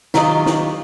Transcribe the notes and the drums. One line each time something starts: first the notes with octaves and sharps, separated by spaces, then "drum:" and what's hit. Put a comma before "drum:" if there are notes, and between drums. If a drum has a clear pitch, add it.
D#3 F#3 F4 G4 D#5, drum: snare
drum: snare